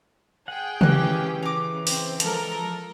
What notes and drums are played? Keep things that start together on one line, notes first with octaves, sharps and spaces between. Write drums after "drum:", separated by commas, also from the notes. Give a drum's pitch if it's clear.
G#4 F#5 G5
E3 A#3 C#4 G4 F#6, drum: tom C#3
C#3 A#5 D6
C4, drum: open hi-hat
F3 G#3 A4 A#4, drum: hi-hat